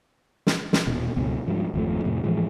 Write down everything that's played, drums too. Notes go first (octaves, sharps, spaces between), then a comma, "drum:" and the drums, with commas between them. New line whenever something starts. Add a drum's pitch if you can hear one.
drum: snare
drum: snare
D#1 D#2 B2
C#2 G2 B2
G#2 F3 G3
G#1 F2 F3 A3
F2 A2 C3 F#3
A2 E3 F3 G#3